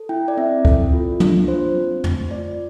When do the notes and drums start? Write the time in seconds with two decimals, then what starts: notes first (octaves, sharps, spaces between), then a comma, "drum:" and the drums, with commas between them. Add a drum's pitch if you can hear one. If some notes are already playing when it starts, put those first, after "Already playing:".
Already playing: A4
0.09 E4 G5
0.28 D5
0.37 C4 E5
0.65 A4, drum: kick C#2
0.93 F4
1.20 D4, drum: tom
1.48 F4 C5
1.76 C4
2.04 A3, drum: tom F2
2.31 F4 D5